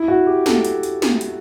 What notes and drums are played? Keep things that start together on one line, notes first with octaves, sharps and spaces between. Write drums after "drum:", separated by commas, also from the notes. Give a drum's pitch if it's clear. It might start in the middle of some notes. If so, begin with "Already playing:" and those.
Already playing: E4
F#4
G4
A4, drum: snare
drum: hi-hat
drum: hi-hat
drum: snare
drum: hi-hat